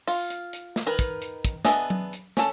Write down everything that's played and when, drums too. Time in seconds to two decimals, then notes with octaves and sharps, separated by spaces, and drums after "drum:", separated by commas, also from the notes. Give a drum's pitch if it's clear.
0.07 F4, drum: open hi-hat
0.30 drum: hi-hat
0.53 drum: hi-hat
0.76 drum: snare
0.86 D#3 A#4 B4
0.99 drum: kick, hi-hat
1.22 drum: hi-hat
1.45 drum: kick, hi-hat
1.65 B3 D4 G#4 D#5 E5, drum: snare
1.90 drum: tom F#3
2.13 drum: hi-hat
2.37 C#4 A4, drum: snare